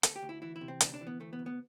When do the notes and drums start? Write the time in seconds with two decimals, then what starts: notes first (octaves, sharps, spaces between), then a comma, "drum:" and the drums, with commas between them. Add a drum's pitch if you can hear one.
0.03 D2 A4, drum: hi-hat
0.16 G4
0.23 D2
0.29 E4
0.42 E3 E4
0.56 E4
0.61 C3
0.68 C4
0.81 D2 D4, drum: hi-hat
0.94 D4
1.01 E3
1.07 B3
1.20 D2 A3
1.33 B3
1.39 D2
1.46 B3